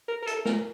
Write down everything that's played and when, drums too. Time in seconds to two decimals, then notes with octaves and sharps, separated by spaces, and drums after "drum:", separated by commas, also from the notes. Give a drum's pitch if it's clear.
0.08 A#4
0.22 A#4
0.27 A4, drum: hi-hat
0.45 A#4, drum: snare